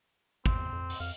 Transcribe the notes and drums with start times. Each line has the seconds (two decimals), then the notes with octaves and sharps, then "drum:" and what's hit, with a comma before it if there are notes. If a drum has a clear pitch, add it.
0.46 E2 C4, drum: kick
0.72 F2
0.90 drum: open hi-hat
1.00 F2 F5